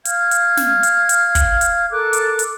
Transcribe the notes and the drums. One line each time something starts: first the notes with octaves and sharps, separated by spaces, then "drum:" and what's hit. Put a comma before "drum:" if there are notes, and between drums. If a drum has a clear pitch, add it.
F5 F6 G#6, drum: hi-hat
drum: hi-hat
drum: snare
drum: hi-hat
drum: hi-hat
drum: kick, hi-hat
drum: hi-hat
A4 A#4 D6 F#6
drum: hi-hat
drum: hi-hat